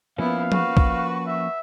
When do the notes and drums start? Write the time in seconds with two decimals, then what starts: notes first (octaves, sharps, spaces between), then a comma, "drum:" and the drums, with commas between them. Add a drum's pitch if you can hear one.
0.18 F3 A#3 B3 C#4 E4 F5
0.52 F#4 B4 C#6, drum: tom F3
0.77 drum: kick
1.27 E5